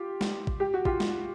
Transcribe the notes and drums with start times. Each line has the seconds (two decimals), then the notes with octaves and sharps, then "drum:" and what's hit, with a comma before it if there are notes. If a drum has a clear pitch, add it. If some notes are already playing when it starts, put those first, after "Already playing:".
Already playing: F4 G4
0.21 drum: snare
0.47 drum: kick
0.60 G4
0.74 F#4
0.85 F4 G4, drum: kick
1.00 drum: snare